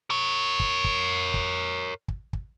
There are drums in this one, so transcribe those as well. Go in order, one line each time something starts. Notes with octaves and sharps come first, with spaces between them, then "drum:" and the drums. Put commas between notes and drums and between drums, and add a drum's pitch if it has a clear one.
A#4 C#5
drum: kick
drum: kick
drum: kick
drum: kick
drum: kick